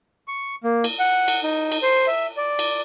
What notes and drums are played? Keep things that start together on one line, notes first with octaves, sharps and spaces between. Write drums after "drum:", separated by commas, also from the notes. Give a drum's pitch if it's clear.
C#6
A#3
drum: cymbal
F#5
drum: cymbal
D#4
drum: cymbal
C5
E5
D5
drum: cymbal